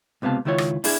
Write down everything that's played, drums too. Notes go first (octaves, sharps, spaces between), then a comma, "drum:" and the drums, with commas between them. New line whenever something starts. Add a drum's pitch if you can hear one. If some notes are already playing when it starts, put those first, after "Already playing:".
C#2 C3 B3 F5 A5
C#2 D#3 E4 F4 C#5
drum: rim click
D4 E4 G#4, drum: open hi-hat